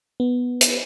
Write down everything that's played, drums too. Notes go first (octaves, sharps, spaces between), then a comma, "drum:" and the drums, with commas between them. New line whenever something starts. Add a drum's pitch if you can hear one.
B3
drum: hi-hat